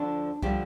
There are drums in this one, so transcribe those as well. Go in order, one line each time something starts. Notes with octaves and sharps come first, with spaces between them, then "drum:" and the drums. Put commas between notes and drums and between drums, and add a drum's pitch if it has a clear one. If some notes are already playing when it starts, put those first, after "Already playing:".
Already playing: D2 D3 F3 D4
D3 F3 G3 G4, drum: kick